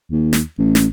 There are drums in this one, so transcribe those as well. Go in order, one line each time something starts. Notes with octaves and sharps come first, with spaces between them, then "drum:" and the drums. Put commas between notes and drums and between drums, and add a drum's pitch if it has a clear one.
D#2
drum: snare
A1
drum: snare